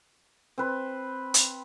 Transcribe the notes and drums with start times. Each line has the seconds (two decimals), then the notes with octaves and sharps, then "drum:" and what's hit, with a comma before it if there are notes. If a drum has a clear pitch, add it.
0.58 C4 B4
1.34 drum: hi-hat